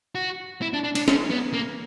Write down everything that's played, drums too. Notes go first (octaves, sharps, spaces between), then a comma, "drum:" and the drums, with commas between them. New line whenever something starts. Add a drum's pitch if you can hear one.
F#4
E4
D4
D4
D4, drum: cymbal
C#4, drum: snare
B3
A#3